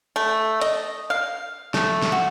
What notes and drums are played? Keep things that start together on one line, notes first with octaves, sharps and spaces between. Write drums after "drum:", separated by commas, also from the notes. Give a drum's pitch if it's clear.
A3
D#5, drum: hi-hat
F5
A3, drum: snare
drum: snare
F#4